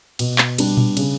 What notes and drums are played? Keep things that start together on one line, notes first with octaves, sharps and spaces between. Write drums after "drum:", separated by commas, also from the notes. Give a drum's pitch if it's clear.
B2, drum: cymbal
drum: clap
G3 D4, drum: cymbal
drum: tom A#2
C#3, drum: cymbal